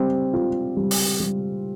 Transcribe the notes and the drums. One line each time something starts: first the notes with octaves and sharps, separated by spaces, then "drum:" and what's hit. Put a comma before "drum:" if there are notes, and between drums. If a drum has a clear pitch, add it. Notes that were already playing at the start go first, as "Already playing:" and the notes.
Already playing: G3 C4
F4
G3
drum: open hi-hat
G3